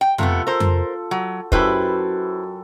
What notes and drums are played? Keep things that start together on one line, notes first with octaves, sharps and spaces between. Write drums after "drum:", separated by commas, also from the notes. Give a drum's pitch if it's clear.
G5
C3 A3 B3 F4 A4, drum: tom F2
A4 A#4 C5
drum: tom F2
F#3
F#2 E4 A4 B4 C5 G5, drum: kick